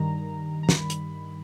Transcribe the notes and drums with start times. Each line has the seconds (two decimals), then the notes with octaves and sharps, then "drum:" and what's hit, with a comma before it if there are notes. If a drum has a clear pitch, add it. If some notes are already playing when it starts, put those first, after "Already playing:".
Already playing: G2 D#3 G3 A#5
0.63 A#5
0.69 B5, drum: snare
0.90 drum: hi-hat